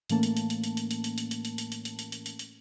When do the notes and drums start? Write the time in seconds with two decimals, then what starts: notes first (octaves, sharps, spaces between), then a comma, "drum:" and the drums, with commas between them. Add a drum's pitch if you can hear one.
0.10 A2 E3 A3 A#3 C#4 A5, drum: hi-hat
0.23 drum: hi-hat
0.37 drum: hi-hat
0.50 drum: hi-hat
0.64 drum: hi-hat
0.77 drum: hi-hat
0.91 drum: hi-hat
1.04 drum: hi-hat
1.18 drum: hi-hat
1.31 drum: hi-hat
1.45 drum: hi-hat
1.58 drum: hi-hat
1.72 drum: hi-hat
1.85 drum: hi-hat
1.99 drum: hi-hat
2.12 drum: hi-hat
2.26 drum: hi-hat
2.39 drum: hi-hat